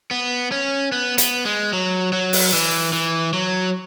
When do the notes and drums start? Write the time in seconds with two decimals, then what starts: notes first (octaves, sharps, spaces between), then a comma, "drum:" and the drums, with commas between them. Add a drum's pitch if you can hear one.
0.11 B3
0.52 C#4
0.92 B3
1.18 B3, drum: hi-hat
1.45 G#3
1.73 F#3
2.13 F#3
2.33 drum: open hi-hat
2.53 E3
2.93 E3
3.33 F#3